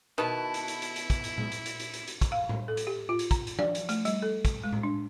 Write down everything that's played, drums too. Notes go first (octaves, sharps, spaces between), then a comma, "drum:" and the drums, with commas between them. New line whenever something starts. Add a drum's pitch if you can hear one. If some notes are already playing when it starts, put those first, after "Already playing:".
B2 D#3 E4 B4 A5
drum: hi-hat
drum: hi-hat
drum: hi-hat
drum: hi-hat
drum: kick, hi-hat
drum: hi-hat
drum: tom A#2
drum: hi-hat
drum: hi-hat
drum: hi-hat
drum: hi-hat
drum: hi-hat
drum: kick, hi-hat
F5
drum: tom A2
A4
drum: hi-hat
G4
F4
drum: hi-hat
A#5, drum: kick, hi-hat
drum: hi-hat
D5, drum: tom F3
drum: hi-hat
A3, drum: hi-hat
G3, drum: hi-hat
A4
drum: kick, hi-hat
G#3
drum: tom A2
D4